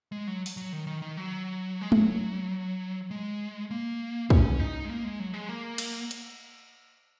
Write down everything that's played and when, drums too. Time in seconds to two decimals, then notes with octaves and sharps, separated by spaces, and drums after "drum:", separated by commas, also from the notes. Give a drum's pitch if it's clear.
0.12 G#3
0.27 F#3
0.46 drum: open hi-hat
0.57 F#3
0.72 D#3
0.87 D#3
1.02 D#3
1.17 F#3
1.81 G#3
1.92 F#3, drum: tom
3.11 G#3
3.71 A#3
4.30 C#4, drum: kick
4.60 D#4
4.85 G#3
4.90 A#3
5.04 G#3
5.20 F#3
5.34 G#3
5.49 A#3
5.78 drum: cymbal
6.11 drum: hi-hat